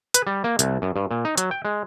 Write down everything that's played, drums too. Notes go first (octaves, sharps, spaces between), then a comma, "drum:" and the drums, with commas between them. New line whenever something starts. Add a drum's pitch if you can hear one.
B4, drum: hi-hat
G3
A#3
C2, drum: hi-hat
F#2
G2
A#2
D#4
F#3, drum: hi-hat
G5
G#3